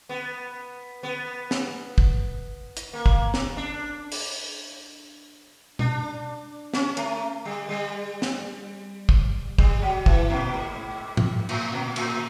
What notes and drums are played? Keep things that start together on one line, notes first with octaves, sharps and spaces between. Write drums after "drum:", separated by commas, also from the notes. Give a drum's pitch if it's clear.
B3
B3
drum: snare
drum: kick
drum: hi-hat
A#3
drum: kick
drum: snare
D4
drum: open hi-hat
D4, drum: tom
C#4, drum: snare
A3, drum: hi-hat
G3
G3
drum: snare
drum: kick
G3, drum: kick
F#3
E3, drum: kick
A#2
G#2
drum: tom G#2
A2, drum: cymbal
A#2
A2, drum: cymbal